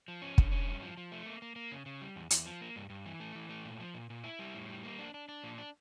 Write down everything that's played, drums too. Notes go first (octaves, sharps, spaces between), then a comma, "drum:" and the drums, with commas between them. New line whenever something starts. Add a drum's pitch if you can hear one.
F3
C#4
D3, drum: kick
C#4
G2
F3
F3
A3
A#3
A#3
A#3
C#3
C#3
G3
E2
E2, drum: hi-hat
F3
A#3
G2
G2
E3
A3
E3
A3
A#2
F3
A#2
A#2
E4
G3
A2
G3
A#3
D4
D4
D4
A#2
D4